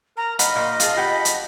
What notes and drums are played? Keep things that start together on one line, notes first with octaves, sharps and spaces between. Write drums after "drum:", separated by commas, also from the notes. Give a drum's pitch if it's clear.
A#4 A#5
D#5 F5 F#5 B5, drum: hi-hat
A#2 F5
F4 G#4 A5, drum: hi-hat
G4 F#5 B5
drum: hi-hat